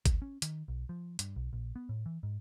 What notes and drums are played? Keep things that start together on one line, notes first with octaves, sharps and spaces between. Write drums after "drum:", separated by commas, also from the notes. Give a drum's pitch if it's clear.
D2, drum: kick G#1, hi-hat
C#4
D#3, drum: hi-hat
B1
F3
G2, drum: hi-hat
B1
A#1
B3
A2
E3
G#2